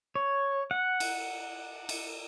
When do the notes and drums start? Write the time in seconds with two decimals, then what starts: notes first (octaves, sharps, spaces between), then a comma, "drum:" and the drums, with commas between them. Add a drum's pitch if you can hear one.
0.15 C#5
0.71 F#5
1.00 drum: cymbal
1.89 drum: cymbal